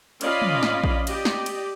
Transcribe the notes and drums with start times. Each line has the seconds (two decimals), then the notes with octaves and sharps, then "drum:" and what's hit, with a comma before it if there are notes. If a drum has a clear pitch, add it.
0.21 C#4 F4 D5 D#5 F5 B5, drum: cymbal
0.42 drum: tom
0.63 drum: snare
0.84 drum: kick A#1
1.07 G4 D5 D#5, drum: cymbal
1.25 drum: snare
1.46 drum: cymbal